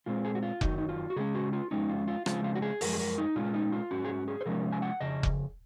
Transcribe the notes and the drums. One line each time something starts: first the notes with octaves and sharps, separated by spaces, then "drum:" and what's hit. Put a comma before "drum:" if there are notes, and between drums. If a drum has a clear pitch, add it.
A#2 G#3 C4 F4
G#4
F#4
F4
F#2 D#3 F#3 D#4, drum: kick F1
D#4
F4
F#4
C#3 G#3 C#4 G#4
F#4
F4
F2 C#3 G#3 C#4 D#4
F4
F4
C#3 F3 G#3 C4 F4, drum: rim click
F4
F#4
G#4
F#2 F3 G#3 A#4, drum: open hi-hat
G#4
A#4
D#4
A#2 G#3 C#4 F4
D#4
F4
G#2 F#3 C#4 F#4
G#4
F#4
G#4
C5
C3 F3 G#3 C#4 A#4
G#5
F#5
F2 C#3 D#5
drum: kick F1